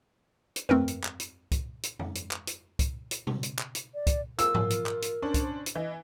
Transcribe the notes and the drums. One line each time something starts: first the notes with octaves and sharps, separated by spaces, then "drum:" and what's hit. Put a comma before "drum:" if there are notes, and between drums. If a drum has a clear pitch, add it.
drum: hi-hat
A3 C4 A#4 B4, drum: tom
drum: hi-hat
drum: clap
drum: hi-hat
drum: kick, hi-hat
drum: hi-hat
drum: tom
drum: hi-hat
drum: clap
drum: hi-hat
drum: kick, hi-hat
drum: hi-hat
drum: tom B2
drum: hi-hat
drum: clap
drum: hi-hat
D5
drum: kick, hi-hat
F4 A#4 E6, drum: hi-hat
drum: tom G#2
drum: hi-hat
drum: clap
drum: hi-hat
C#4 D4 C5
drum: kick, hi-hat
drum: hi-hat
E3 D#5